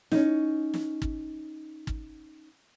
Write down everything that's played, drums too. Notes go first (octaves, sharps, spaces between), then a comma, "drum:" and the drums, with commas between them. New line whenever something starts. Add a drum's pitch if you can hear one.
C#4 D#4, drum: snare
drum: snare
drum: kick
drum: kick